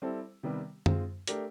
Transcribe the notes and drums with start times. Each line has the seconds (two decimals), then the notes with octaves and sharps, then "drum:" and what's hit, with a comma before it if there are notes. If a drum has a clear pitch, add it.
0.02 G3 C4 E4 A4
0.43 C3 D#3 G3 B3
0.86 G#3 C4 F4, drum: tom F#2
1.27 A3 D4 G4 A#4, drum: hi-hat